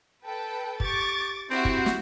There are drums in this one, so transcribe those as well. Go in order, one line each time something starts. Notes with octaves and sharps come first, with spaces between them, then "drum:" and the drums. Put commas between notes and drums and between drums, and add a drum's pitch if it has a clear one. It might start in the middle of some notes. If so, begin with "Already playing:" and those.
A4 B4 G5
G4 C#6 D6 A6, drum: kick
C4 E4 F#4 G4 C5
drum: kick
drum: snare